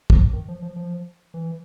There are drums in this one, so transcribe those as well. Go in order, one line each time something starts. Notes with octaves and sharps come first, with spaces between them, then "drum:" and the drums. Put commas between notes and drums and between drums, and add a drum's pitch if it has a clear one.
F3, drum: kick
D#3
F3
F3
F3
E3